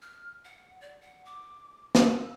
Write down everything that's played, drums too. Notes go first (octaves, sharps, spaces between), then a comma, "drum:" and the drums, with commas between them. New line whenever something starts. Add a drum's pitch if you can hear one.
F6
F#5
D5
F#5
D6
E6, drum: snare